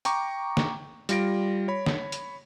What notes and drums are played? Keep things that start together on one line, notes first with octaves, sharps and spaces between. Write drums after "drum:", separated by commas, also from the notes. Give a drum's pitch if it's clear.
G5 A#5 C#6 D6, drum: hi-hat
drum: snare
G3 F4 A#6 D7, drum: hi-hat
C#5 B5
drum: snare
drum: hi-hat